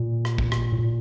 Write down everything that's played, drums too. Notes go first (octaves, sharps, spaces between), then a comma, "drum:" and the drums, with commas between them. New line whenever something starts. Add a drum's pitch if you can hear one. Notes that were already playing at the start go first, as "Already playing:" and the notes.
Already playing: A#2
drum: rim click
drum: kick
drum: rim click
A2
A#2